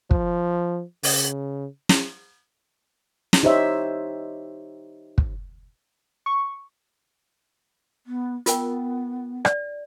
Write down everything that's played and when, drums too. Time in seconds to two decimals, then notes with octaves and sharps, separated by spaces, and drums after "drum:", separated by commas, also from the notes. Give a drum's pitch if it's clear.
0.11 F3, drum: kick
1.03 C#3, drum: open hi-hat
1.89 drum: snare
3.33 drum: snare
3.43 D#4 G4 C5 C#5 E5
5.18 drum: kick
6.26 C#6
8.06 B3
8.46 B3 F4 A#4 G5, drum: hi-hat
9.45 D5, drum: rim click